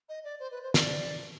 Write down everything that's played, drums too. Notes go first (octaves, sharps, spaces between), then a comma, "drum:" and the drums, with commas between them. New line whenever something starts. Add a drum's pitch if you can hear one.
D#5
D5
C5
B4
C5
D5, drum: snare